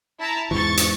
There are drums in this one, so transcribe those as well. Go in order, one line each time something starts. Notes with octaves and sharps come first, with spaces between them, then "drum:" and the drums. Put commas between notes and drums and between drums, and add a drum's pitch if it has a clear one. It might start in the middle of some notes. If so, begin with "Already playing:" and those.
E4 A5 A#5
E2 G#2 E3 C#6 A6
drum: hi-hat